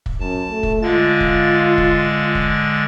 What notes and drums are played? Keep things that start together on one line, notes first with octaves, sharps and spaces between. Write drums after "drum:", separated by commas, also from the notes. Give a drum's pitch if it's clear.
drum: kick
F#2 A5
A3
drum: kick
D3 G#3 F4 A6
drum: kick
drum: kick
drum: kick